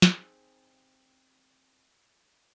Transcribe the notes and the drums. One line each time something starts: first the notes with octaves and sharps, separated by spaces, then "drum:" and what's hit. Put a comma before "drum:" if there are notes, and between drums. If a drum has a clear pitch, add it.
C4 D#4 G#4, drum: snare